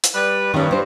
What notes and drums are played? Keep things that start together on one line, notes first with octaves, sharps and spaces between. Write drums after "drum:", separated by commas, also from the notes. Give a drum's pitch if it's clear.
drum: hi-hat
G3 B4
G2 D#3 C#4
D4 C5